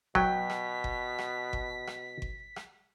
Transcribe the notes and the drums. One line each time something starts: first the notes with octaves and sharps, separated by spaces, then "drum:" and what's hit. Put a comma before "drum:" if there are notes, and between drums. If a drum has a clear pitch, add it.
B2 F#3 G5 B6, drum: kick G1
drum: rim click
drum: kick G1
drum: rim click
drum: kick G1
drum: rim click
drum: kick G1
drum: rim click